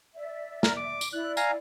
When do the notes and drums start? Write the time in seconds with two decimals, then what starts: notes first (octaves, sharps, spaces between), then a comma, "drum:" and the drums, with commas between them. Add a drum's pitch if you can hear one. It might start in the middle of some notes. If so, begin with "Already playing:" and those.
0.16 D5 E5
0.63 A#4, drum: snare
0.77 D6
1.01 drum: tambourine
1.13 E4 D5 F#6
1.37 F5 G#5 A#5, drum: tambourine